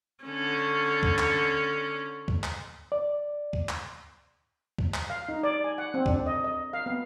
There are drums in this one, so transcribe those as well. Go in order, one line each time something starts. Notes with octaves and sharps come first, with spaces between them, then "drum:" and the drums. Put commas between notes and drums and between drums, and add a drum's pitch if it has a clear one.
D3 C#4
drum: kick
drum: clap
drum: kick
drum: clap
D5
drum: kick
drum: clap
drum: kick
drum: clap
F5
D#4
D5
G#5
F#5
C4
D4, drum: kick
D#5
D#5
F5
B3